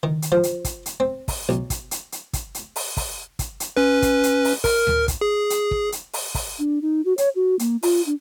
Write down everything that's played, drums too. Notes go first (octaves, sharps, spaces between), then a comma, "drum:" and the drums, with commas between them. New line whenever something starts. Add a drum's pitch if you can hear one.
D#3
drum: hi-hat
F3
drum: hi-hat
drum: kick, hi-hat
drum: hi-hat
C4
drum: kick, open hi-hat
B1
drum: kick, hi-hat
drum: hi-hat
drum: hi-hat
drum: kick, hi-hat
drum: hi-hat
drum: open hi-hat
drum: kick, open hi-hat
drum: kick, hi-hat
drum: hi-hat
C#4 B4
drum: kick, hi-hat
drum: hi-hat
drum: open hi-hat
A#4 F6, drum: kick, open hi-hat
drum: tom D2
drum: kick, hi-hat
G#4
drum: hi-hat
drum: kick
drum: hi-hat
drum: open hi-hat
drum: kick, open hi-hat
D4
D#4
F#4
C#5, drum: hi-hat
F#4
A#3, drum: hi-hat
F4, drum: open hi-hat
D4